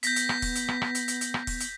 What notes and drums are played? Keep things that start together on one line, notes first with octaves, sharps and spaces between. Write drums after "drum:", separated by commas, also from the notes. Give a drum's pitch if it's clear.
B3 G6 A#6 B6, drum: hi-hat
drum: hi-hat
drum: rim click
drum: kick E1, open hi-hat
drum: hi-hat
drum: rim click
drum: rim click
drum: hi-hat
drum: hi-hat
drum: hi-hat
drum: rim click
drum: kick E1, open hi-hat
drum: hi-hat